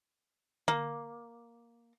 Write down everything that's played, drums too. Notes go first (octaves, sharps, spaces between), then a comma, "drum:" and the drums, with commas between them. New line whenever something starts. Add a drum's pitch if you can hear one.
A#3, drum: tom D3